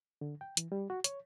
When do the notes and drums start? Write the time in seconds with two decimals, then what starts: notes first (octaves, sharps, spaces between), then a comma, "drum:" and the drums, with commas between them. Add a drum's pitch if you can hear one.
0.21 D3
0.41 G5
0.57 E3, drum: hi-hat
0.72 G3
0.90 F#4
1.04 C#5, drum: hi-hat